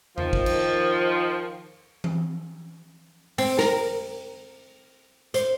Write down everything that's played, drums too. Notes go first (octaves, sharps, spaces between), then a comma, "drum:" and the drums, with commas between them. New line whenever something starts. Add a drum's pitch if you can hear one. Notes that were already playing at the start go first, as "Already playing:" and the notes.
D#3 F3, drum: tom E2
drum: kick
drum: cymbal
drum: tom E3
C4, drum: open hi-hat
A#4, drum: snare
C5, drum: hi-hat